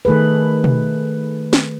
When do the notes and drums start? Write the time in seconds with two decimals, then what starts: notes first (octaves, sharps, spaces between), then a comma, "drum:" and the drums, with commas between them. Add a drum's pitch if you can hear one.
0.05 D#3 A3 G#4 B4
0.64 drum: tom B2
1.53 drum: snare